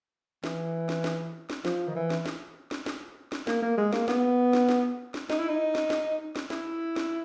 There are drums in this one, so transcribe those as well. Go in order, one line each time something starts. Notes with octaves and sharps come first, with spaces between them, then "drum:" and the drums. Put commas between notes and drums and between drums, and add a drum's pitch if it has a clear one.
E3, drum: snare
drum: snare
drum: snare
drum: snare
F3, drum: snare
D#3
E3
drum: snare
drum: snare
drum: snare
drum: snare
drum: snare
A#3, drum: snare
A#3
G#3
A#3, drum: snare
B3, drum: snare
drum: snare
drum: snare
drum: snare
D#4, drum: snare
E4
D#4
drum: snare
drum: snare
drum: snare
E4, drum: snare
drum: snare